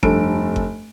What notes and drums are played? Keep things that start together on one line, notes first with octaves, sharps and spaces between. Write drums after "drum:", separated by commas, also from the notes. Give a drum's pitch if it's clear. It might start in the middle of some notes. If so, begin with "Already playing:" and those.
F1 G2 A4 D7, drum: kick G1
drum: kick G1